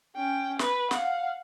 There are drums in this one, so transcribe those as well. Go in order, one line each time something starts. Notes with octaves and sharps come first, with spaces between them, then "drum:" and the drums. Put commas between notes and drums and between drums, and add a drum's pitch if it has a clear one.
C#4 G5
B4, drum: snare
F5 F#5, drum: snare